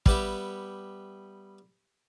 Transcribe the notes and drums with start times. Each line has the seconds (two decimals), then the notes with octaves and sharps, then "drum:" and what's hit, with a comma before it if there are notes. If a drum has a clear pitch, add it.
0.06 G3 B3 G4 E5, drum: kick